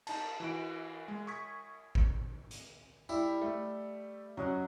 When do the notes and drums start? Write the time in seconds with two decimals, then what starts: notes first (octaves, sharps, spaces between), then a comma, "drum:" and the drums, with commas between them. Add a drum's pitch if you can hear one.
0.07 D#4 A5, drum: cymbal
0.40 E3 F#4 D7
1.08 G#3
1.27 C#6 D#6 G#6 B6
1.95 drum: kick A1
2.51 drum: hi-hat
3.09 G3 E4 E5, drum: tambourine
3.42 A3
4.37 F#2 F#3 D#5 F#5